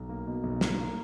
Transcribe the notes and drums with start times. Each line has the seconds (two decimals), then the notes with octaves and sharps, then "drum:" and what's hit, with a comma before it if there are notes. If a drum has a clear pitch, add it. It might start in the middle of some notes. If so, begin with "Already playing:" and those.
Already playing: B1
0.09 A#3
0.27 B2
0.43 B1
0.61 A#3, drum: snare
0.78 A#3